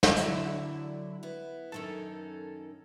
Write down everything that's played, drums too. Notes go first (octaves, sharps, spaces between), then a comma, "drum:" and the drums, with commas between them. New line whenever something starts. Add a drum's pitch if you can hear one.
drum: snare
D3 F#3 E4 E5, drum: hi-hat
B3 E4
F#2 D#3 C#4 A4